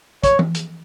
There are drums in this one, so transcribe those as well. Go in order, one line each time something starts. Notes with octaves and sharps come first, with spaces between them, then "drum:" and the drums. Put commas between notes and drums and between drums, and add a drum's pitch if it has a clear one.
C#5, drum: kick, hi-hat
drum: tom E3
drum: hi-hat